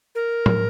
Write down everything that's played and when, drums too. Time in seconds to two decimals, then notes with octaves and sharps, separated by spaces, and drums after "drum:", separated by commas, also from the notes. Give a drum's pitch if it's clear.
0.15 A#4
0.46 drum: tom